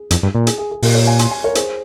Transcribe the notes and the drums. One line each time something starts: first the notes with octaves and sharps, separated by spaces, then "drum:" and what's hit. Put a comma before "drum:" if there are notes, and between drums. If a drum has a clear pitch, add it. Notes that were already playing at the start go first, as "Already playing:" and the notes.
Already playing: G#4
F2, drum: hi-hat
G2
A#2
G#4, drum: hi-hat
G#4
G#4
A#2 G4 A#4, drum: open hi-hat
A#4 C#5
F5 G#5
G#5 C6, drum: hi-hat
G#5 C6
A#4 C#5
G#4 C5, drum: hi-hat